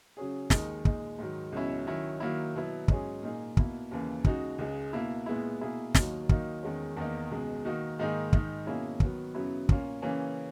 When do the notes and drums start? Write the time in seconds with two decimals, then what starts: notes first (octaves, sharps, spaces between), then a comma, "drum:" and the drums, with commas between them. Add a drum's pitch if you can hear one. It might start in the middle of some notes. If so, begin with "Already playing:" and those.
0.17 C#3 F#3 C#4 G#4
0.50 D#2 D#3 G#3 D#4, drum: snare
0.85 A#2 G#3 D#4, drum: kick
1.19 G#2 D#3 F#3
1.52 C#2 B2 F#3 C#4 E4
1.87 D#3 F#3 C#4 E4
2.20 D#3 F#3 A#3 E4
2.55 B2 F#3 B3 E4
2.88 G#2 F#3 C#4 G#4, drum: kick
3.23 A#2 A#3 D#4 G#4
3.57 B2 A#3 E4, drum: kick
3.91 D#2 C#3 E3 A#3
4.24 C#3 G#3 D#4 F#4, drum: kick
4.58 C#2 C#3 G#3
4.93 B2 A#3 E4
5.26 A#2 G#3 B3 E4
5.61 B2 A#3 E4 G#4
5.95 D#2 D#3 F#3 A#3 D#4, drum: snare
6.29 D#3 F#3 A#3 D#4, drum: kick
6.63 E2 D#3 G#3 C#4
6.97 E2 D#3 A#3 D#4
7.31 C#2 B2 G#3
7.65 D#3 A#3 D#4 F#4
7.99 G#2 D#3 A#3 D#4 G#4
8.33 G#2 D#3 G#3 D#4, drum: kick
8.66 B2 A#3 C#4 E4 G#4
9.00 D#3 F#3 B3, drum: kick
9.34 F#2 C#3 F#3 B3 E4
9.69 A#2 A#3 C#4, drum: kick
10.02 C#3 E3 A#3 C#4